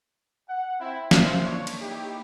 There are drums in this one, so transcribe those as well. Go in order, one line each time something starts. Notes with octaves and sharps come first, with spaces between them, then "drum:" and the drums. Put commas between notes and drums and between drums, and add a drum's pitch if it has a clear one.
F#5
C4 E4
A#3 C5 E5 F5, drum: snare
D4 C#5
drum: cymbal
D#4 E4 G4